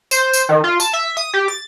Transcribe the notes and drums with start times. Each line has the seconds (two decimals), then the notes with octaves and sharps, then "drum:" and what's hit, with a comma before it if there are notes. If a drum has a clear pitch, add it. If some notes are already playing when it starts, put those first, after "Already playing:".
0.11 C5, drum: tambourine
0.33 drum: tambourine
0.49 D#3
0.64 F4
0.80 A5, drum: tambourine
0.93 E5
1.17 D#6
1.34 G4
1.48 A6